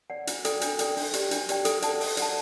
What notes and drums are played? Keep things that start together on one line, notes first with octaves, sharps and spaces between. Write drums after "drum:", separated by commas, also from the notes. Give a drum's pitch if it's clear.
D5 F#5
D4, drum: hi-hat
A4 D5 G5, drum: hi-hat
D4, drum: hi-hat
A4 D5 G5, drum: hi-hat
D4, drum: open hi-hat
G4 D5 G5, drum: hi-hat
D4, drum: hi-hat
G4 D5 G5, drum: hi-hat
A4, drum: hi-hat
D5 F#5 A5, drum: hi-hat
A4, drum: open hi-hat
D5 F#5 A5, drum: hi-hat